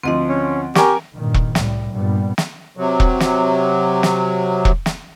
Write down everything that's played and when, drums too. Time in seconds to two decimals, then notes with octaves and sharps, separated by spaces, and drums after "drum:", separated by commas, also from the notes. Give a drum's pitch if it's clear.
0.03 D2 F3 C4 D#5 F#5
0.29 C#4
0.75 G4 A#4 G#5 C#6, drum: snare
1.15 G2 A#2 D#3
1.34 drum: kick E1
1.55 C2 A2 G3, drum: snare
1.92 G2 A#2 G3 B3
2.38 drum: snare
2.77 C3 F#3
3.00 drum: kick E1
3.20 drum: snare
4.03 drum: snare
4.65 drum: kick E1
4.86 drum: snare